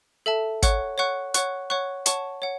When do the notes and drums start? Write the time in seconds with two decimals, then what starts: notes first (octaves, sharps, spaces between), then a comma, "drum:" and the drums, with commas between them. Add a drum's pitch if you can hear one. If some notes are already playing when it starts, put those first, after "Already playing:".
0.26 A4 E5 A5
0.63 C#5 F#5 C#6 F#6, drum: kick, hi-hat
0.98 C#5 F#5 C#6 F#6
1.34 C#5 F#5 C#6 F#6, drum: hi-hat
1.70 C#5 F#5 C#6 F#6
2.06 C#5 F#5 A5 C#6, drum: hi-hat
2.42 C#5 F#5